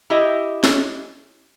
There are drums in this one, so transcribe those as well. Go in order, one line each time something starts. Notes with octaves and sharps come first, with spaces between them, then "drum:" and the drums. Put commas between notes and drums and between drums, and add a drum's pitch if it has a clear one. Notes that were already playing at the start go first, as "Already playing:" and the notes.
E4 G4 D#5 E5
drum: snare